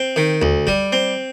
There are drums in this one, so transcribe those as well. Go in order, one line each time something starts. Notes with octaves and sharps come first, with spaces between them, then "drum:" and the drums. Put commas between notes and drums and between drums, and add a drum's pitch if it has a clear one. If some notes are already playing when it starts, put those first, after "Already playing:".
Already playing: C4
D#3
D2, drum: tom D#2
G3, drum: kick
C4